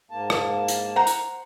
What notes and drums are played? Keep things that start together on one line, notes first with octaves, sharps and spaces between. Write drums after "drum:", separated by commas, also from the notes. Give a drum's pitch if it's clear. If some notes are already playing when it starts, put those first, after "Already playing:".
G#2 A#3 A5
drum: rim click
drum: hi-hat
C5 F#5 A#5
drum: hi-hat